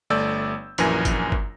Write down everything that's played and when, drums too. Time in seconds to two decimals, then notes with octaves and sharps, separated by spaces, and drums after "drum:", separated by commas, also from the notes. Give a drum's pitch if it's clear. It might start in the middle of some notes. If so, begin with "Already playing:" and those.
0.10 G1 A3 D5 E6 G6
0.78 A#1 F#2 E3 A#4 G#5 A#6, drum: hi-hat
1.05 drum: kick G1, hi-hat
1.32 drum: kick G1